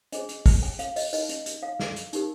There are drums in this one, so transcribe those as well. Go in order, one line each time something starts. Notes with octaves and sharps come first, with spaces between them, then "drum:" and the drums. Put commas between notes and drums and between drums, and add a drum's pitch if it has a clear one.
D4 F4 G#4 C5 D#5, drum: hi-hat
drum: hi-hat
drum: kick, open hi-hat
G5
F5, drum: hi-hat
D#5, drum: open hi-hat
D#4 A#4 D#5, drum: open hi-hat
drum: hi-hat
drum: hi-hat
F5
drum: snare
drum: hi-hat
D#4 G4 A#4, drum: hi-hat